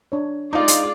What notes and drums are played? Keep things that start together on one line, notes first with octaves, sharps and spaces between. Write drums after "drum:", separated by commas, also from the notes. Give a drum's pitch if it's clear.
D4 C#5
G#3 D#4 F4 D5 F5
drum: hi-hat